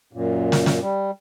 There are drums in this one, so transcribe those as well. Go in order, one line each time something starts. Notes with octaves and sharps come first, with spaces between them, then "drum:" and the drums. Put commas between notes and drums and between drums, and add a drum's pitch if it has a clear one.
F#2 A#2
drum: snare
drum: snare
G3